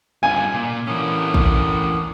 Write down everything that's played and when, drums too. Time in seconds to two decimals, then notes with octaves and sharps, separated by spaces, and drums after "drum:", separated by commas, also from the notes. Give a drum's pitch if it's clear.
0.23 G2 F4 G#5
0.53 A#2
0.87 E3 A#3 B3 C#4 D4
1.34 drum: kick